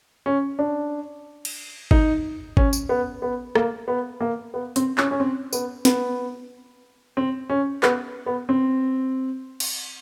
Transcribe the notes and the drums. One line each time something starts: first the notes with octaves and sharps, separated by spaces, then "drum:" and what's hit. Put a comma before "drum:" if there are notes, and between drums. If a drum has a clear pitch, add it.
C#4
D4
drum: cymbal
D#4, drum: kick G#1
C#4, drum: kick G#1
drum: tambourine
B3
B3
A#3, drum: rim click
B3
A#3
B3
C4, drum: hi-hat
C#4, drum: clap
C#4
C4
B3, drum: tambourine
B3, drum: snare
C4
C#4
B3, drum: clap
B3
C4
drum: cymbal